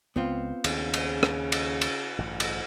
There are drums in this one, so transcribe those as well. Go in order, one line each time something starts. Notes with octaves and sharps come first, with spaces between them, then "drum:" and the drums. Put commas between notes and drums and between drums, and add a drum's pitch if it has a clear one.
C#2 B3 C4 F4
D#2 C#3, drum: cymbal
drum: cymbal
drum: rim click
drum: cymbal
drum: cymbal
A1 G2 D3
drum: cymbal